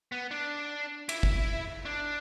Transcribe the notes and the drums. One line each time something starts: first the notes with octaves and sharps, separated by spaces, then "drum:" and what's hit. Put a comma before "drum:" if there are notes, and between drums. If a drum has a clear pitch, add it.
B3
D4
E4, drum: cymbal
drum: kick
D4